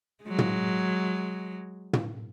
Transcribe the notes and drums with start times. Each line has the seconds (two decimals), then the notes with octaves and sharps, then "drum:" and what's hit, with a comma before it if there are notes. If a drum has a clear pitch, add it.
0.24 F#3 G#3
0.38 drum: tom
1.93 drum: tom